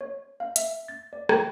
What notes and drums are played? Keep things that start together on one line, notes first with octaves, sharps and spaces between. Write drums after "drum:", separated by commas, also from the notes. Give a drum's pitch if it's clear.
C#5
F5
E5, drum: hi-hat
A6
D5
G5, drum: rim click